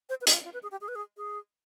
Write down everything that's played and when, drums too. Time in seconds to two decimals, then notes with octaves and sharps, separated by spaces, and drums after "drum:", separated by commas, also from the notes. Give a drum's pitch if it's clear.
0.09 C5
0.21 B4
0.27 D#4, drum: hi-hat
0.33 F4
0.45 F4
0.53 B4
0.63 G#4
0.71 G4
0.81 G#4
0.88 B4
0.95 G#4
1.17 G#4